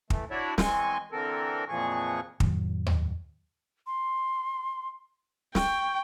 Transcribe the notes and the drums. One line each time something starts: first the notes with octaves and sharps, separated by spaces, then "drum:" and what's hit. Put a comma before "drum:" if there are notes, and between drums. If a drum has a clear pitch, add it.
E3 A3, drum: kick
D4 E4 F#4 C#5 D5 E5
E2 G#3 C4 G#5 C6 C#6, drum: snare
D3 E3 C4 A4 A#4
F2 A#2 E3 F3 G#4 C#6
F2 A2 D#3 F#3, drum: kick
drum: tom D#2
C6
G5 C#6, drum: snare